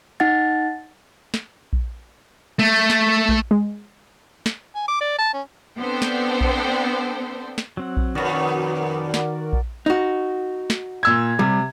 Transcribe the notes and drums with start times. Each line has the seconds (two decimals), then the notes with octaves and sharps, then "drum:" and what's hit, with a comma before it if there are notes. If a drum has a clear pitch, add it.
0.20 D#4 F#5 A6
1.34 drum: snare
1.73 drum: kick A#1
2.59 A3
2.90 drum: snare
3.29 drum: kick A#1
3.51 G#3
4.46 drum: snare
4.75 G#5
4.88 D6
5.01 D5
5.18 A5
5.34 C#4
5.79 B3 C4 D4 A4 C5 G5
6.02 drum: snare
6.41 drum: kick A#1
7.58 drum: snare
7.77 F#3 C4 F#5
7.97 drum: kick A#1
8.15 F2 B2 D#3 F#4 A#4 B4 D5 C#6
9.14 drum: snare
9.53 drum: kick A#1
9.86 D#4 F#4
10.70 drum: snare
11.03 A#2 E6 G#6
11.39 C3 G3